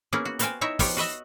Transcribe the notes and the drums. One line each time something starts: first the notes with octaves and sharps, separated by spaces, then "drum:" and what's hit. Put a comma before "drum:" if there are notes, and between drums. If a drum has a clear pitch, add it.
A#3 B3 C#4 E4 G#4
F#4
B3 F#4 C5 F5 G5 G#5, drum: hi-hat
D#4 E4 C#5 E5
F3 B3 G4 C#5, drum: kick, open hi-hat
F#4 B4 D#5 E5